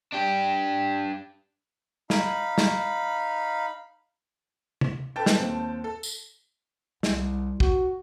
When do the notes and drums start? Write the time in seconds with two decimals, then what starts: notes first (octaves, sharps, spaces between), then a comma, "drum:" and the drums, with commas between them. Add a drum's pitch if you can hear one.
0.13 D4 G4
2.10 D#4 F5 B5, drum: snare
2.58 drum: snare
4.81 drum: tom C3
5.16 A4 B4 G5 A5 A6
5.26 drum: snare
5.38 D#2 C4
5.84 A4
6.03 drum: tambourine
7.03 C2, drum: snare
7.60 F#4, drum: kick